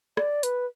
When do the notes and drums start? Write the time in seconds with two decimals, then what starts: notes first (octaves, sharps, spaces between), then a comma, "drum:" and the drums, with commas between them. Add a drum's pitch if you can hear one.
0.17 D5, drum: rim click
0.43 B4, drum: hi-hat